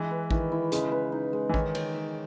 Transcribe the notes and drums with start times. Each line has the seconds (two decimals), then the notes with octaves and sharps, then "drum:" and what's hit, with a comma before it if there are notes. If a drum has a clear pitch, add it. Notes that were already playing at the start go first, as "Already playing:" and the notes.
Already playing: E3 G#3
0.11 B4
0.31 D#3 E4, drum: kick A1
0.52 E4
0.72 C#3 G#3, drum: hi-hat
0.92 B4
1.12 D#4
1.33 G#3
1.49 E3
1.54 D#3 C#5, drum: kick A1
1.75 C#5, drum: cymbal
1.94 E5